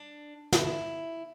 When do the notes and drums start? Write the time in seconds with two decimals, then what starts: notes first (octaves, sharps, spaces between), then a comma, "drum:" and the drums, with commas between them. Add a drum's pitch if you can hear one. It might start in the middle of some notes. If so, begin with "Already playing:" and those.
Already playing: D4
0.52 E2 D3 E4, drum: snare